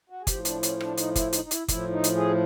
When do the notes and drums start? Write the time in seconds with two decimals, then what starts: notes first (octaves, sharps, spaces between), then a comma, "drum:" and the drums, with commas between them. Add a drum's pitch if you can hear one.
0.10 F#4
0.21 G#4
0.27 A2 F3 G4, drum: kick, hi-hat
0.45 D4, drum: hi-hat
0.63 C#4, drum: hi-hat
0.81 D4, drum: rim click
0.97 D#4, drum: hi-hat
1.16 E4, drum: kick, hi-hat
1.33 D#4, drum: hi-hat
1.44 D#4
1.51 E4, drum: hi-hat
1.68 A2 F3 E4, drum: kick, hi-hat
1.92 D#4
2.04 drum: hi-hat
2.16 G#4